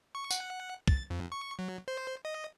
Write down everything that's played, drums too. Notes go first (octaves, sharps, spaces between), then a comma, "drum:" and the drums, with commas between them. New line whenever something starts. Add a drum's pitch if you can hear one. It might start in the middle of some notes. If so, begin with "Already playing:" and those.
C#6
F#5, drum: tambourine
A6, drum: kick
F2
C#6
F#3
C5
D#5